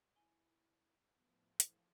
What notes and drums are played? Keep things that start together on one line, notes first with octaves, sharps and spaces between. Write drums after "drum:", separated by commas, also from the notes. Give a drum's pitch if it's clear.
E4 G#5 G7
A2 F3 B3
E3, drum: hi-hat